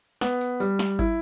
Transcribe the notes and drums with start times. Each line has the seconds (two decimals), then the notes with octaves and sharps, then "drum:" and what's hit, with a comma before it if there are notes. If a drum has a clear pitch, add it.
0.21 B3, drum: snare
0.41 drum: tambourine
0.60 G3, drum: tambourine
0.79 drum: snare
0.99 E4, drum: kick, tambourine